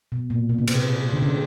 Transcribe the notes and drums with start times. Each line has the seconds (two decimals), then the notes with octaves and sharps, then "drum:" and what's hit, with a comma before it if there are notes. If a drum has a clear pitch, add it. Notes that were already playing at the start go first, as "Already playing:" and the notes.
0.12 B2
0.30 A#2
0.49 B2
0.58 C#3
0.68 C3, drum: cymbal
1.13 D3
1.22 C#3